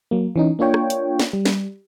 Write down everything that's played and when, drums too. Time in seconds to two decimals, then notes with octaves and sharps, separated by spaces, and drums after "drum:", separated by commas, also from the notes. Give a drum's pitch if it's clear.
0.11 F#3 A#3
0.36 E3 C#4 D#4
0.59 A#3 D4 F4 C#5 G5
0.74 drum: rim click
0.90 drum: hi-hat
1.19 drum: snare
1.33 G3
1.45 drum: snare